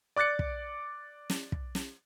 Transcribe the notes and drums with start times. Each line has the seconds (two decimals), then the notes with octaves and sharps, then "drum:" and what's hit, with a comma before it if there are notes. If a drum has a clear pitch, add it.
0.16 D5 D6 F#6 A6 C#7
0.39 drum: kick
1.30 drum: snare
1.52 drum: kick
1.75 drum: snare